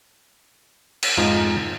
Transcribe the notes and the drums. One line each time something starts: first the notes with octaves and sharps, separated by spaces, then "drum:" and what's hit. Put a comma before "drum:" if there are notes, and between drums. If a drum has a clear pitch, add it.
drum: cymbal
F2 G#2 F3 D#5 A#5